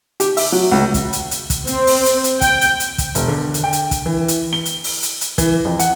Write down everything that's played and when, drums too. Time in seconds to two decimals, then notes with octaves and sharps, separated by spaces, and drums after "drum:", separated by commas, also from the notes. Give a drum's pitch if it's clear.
0.20 G4, drum: hi-hat
0.37 E5, drum: open hi-hat
0.52 F#3
0.72 C#2
0.94 drum: kick, hi-hat
1.13 drum: hi-hat
1.31 drum: hi-hat
1.50 drum: kick, hi-hat
1.67 C4, drum: hi-hat
1.87 drum: open hi-hat
2.06 drum: hi-hat
2.24 drum: hi-hat
2.41 G5, drum: kick, hi-hat
2.61 drum: hi-hat
2.80 drum: hi-hat
2.98 drum: kick, hi-hat
3.15 E1, drum: hi-hat
3.28 D3
3.54 drum: hi-hat
3.64 G5
3.73 drum: hi-hat
3.91 drum: kick, hi-hat
4.06 E3
4.28 drum: hi-hat
4.53 G7
4.65 drum: hi-hat
4.84 drum: open hi-hat
5.03 drum: hi-hat
5.21 drum: hi-hat
5.38 E3, drum: kick, hi-hat
5.65 F2
5.79 F#5, drum: hi-hat